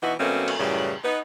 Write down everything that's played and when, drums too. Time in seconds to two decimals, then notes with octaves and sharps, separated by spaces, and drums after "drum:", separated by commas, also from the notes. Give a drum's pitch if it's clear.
0.02 B2 E3 D#4 E4 F#4
0.19 B2 F#3 A3 A#3 C4 C#4
0.48 drum: cymbal
0.59 F#2 A2 C#3 E3 F#3 G3
1.04 B3 D#4